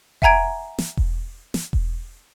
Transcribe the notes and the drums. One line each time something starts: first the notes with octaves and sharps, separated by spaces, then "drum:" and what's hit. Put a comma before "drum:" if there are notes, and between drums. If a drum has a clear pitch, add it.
E5 F#5 G#5 A#5 G#6 D7, drum: kick E1
drum: snare
drum: kick E1
drum: snare
drum: kick E1